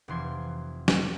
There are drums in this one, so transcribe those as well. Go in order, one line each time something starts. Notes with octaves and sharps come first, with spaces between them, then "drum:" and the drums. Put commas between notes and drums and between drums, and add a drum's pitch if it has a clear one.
F1 E3 C6 G#6
drum: snare